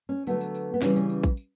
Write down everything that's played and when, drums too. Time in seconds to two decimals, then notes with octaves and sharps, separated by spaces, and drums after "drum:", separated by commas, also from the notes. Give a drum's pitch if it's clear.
0.09 C#4
0.27 D3 F#3 A3 B3, drum: tambourine
0.41 drum: tambourine
0.55 drum: tambourine
0.74 B3
0.82 C#3 E3 G3 C#4, drum: snare
0.96 C#4, drum: tambourine
1.10 drum: tambourine
1.24 drum: kick, tambourine
1.37 drum: tambourine